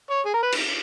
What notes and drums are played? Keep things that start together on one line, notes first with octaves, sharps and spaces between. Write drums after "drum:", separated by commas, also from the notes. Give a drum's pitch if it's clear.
C#5
G#4
A#4
B4
drum: cymbal